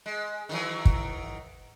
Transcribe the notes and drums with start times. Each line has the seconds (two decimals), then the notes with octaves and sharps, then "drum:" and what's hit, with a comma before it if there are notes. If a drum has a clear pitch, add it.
0.06 G#3
0.49 D#3 E3 F#3
0.85 drum: kick